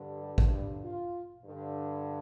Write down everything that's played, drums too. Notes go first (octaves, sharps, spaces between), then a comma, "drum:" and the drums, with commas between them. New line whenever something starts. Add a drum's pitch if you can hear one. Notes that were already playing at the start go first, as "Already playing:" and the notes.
Already playing: G2 D3
G3
drum: kick A1
G3
F4
G2 D3